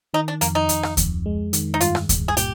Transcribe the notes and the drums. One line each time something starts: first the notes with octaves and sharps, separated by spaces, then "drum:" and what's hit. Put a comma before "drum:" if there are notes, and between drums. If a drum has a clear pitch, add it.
D#3 D#4
D4
F2 A#3, drum: hi-hat
D#4
F2, drum: hi-hat
drum: rim click
F2, drum: kick D2, hi-hat
G#3
D#3, drum: hi-hat
D#4
G2 F4, drum: hi-hat
drum: rim click
G2, drum: kick D2, hi-hat
G#4
A#2 G4, drum: hi-hat